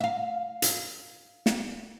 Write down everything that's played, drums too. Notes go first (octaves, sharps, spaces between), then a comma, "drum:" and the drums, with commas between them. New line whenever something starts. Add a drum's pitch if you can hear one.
E5 F5
drum: hi-hat
drum: snare